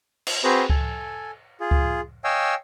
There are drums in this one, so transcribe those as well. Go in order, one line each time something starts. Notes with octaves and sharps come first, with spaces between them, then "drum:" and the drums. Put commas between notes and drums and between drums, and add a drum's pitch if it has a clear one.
drum: cymbal
C4 F#4 G#4 B4 C5 A#5
A4 G#5, drum: kick C#2
F4 G#4
drum: kick C#2
C#5 D#5 F5 G5 G#5 E6